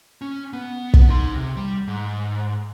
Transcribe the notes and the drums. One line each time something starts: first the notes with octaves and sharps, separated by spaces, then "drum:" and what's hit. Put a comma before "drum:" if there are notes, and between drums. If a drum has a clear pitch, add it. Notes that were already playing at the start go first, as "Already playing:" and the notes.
C#4
B3
drum: kick
D#4 C6
C3
G3
G#2